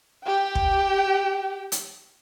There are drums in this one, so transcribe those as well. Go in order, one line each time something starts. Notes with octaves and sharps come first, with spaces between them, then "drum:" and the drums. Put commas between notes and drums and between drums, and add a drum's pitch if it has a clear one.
G4 G5
drum: kick
drum: hi-hat